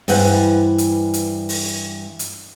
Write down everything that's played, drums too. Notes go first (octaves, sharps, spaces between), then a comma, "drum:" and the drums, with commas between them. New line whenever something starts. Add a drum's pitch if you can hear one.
G2 E3 B4 C5 F#5, drum: open hi-hat
drum: hi-hat
drum: hi-hat
drum: open hi-hat
drum: hi-hat